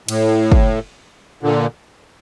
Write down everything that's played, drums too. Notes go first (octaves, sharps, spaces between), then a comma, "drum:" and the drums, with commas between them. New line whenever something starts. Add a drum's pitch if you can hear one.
A2, drum: cymbal
drum: kick
A#2 D3